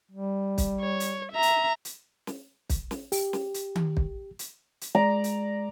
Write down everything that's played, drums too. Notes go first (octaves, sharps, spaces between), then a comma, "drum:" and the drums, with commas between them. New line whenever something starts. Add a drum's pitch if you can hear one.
G3
drum: kick, hi-hat
C#5
drum: hi-hat
E5 A#5
drum: hi-hat
drum: hi-hat
drum: snare
drum: kick, hi-hat
drum: snare
G4, drum: open hi-hat
drum: snare
drum: hi-hat
drum: tom D#3
drum: kick
drum: hi-hat
drum: hi-hat
G#3 D5 A#5
drum: hi-hat